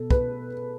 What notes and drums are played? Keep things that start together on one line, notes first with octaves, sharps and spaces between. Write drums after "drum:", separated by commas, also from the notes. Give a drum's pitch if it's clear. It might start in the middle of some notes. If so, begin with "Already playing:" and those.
Already playing: B2 B3 A4
B4, drum: kick